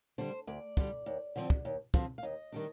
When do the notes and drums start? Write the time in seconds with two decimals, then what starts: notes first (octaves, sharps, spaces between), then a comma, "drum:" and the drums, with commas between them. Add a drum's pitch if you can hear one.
0.18 D3 G3 C5
0.47 D2 D5
0.77 D3 G3, drum: kick
1.06 D#2
1.36 D3 F3 C4
1.50 drum: kick
1.65 D#2
1.94 D3 F3 C4, drum: kick
2.18 F5
2.23 D#2 D#5
2.52 D#3 G3 D4